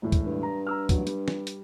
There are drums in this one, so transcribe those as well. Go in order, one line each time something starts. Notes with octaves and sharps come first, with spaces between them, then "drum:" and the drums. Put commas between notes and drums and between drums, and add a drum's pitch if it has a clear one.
E1 A2
drum: kick, hi-hat
G2
A#5
A#5 E6 F6
A1 F#3, drum: kick, hi-hat
G3, drum: hi-hat
drum: snare
drum: hi-hat